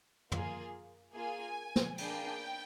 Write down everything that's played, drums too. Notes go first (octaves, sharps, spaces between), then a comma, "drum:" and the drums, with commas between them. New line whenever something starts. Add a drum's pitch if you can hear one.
A#3 F4 G#4, drum: tom
A#3 F4 G#4 G#5
drum: snare
A#3 D4 G#4 G5, drum: cymbal